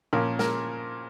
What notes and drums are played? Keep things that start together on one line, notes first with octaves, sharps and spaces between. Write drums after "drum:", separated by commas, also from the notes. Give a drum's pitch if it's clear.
A#2 F3 C#4 A#4
A#4, drum: snare